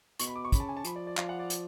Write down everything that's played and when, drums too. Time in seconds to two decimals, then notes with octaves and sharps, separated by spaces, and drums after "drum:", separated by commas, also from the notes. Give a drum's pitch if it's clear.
0.19 B2 C#6, drum: hi-hat
0.27 B5
0.36 D6
0.45 C#6
0.52 C#3 B5, drum: kick, hi-hat
0.60 A5
0.69 G#5
0.77 A5
0.85 F3 B5, drum: hi-hat
0.96 D5
1.07 D5
1.17 F3 F5, drum: clap
1.29 F#5
1.39 D5
1.50 drum: hi-hat